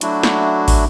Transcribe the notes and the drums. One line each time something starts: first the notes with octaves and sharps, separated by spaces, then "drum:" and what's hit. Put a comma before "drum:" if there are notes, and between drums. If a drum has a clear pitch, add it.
F#3 A3 D4 E4 F#4, drum: hi-hat
drum: snare
drum: kick, open hi-hat